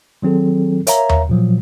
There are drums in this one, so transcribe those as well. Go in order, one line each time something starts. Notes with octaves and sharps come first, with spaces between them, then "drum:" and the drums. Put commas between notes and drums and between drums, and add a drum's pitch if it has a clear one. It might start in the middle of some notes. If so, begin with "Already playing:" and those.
D#3 F#3 C4 G#4 A4
A#4 C#5 E5 F5 A#5, drum: hi-hat
drum: tom D#2
A#2 F3 F#3